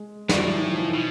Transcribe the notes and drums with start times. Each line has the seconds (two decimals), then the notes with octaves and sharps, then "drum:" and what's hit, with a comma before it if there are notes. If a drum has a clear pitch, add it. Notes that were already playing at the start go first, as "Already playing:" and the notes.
Already playing: G#3
0.29 A2 G3, drum: snare
0.37 F#3
0.45 E3
0.54 D#3
0.62 E3
0.70 F3
0.78 E3
0.87 D#3
0.94 B2